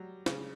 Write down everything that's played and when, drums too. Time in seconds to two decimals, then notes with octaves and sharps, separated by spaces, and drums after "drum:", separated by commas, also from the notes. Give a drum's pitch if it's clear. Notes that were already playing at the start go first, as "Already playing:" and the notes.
Already playing: F#3 G3
0.26 C#3, drum: snare